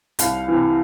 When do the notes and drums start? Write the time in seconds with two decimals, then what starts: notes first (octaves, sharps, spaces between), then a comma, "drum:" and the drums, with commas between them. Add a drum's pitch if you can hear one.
0.19 C2 F5, drum: hi-hat
0.48 C3 E3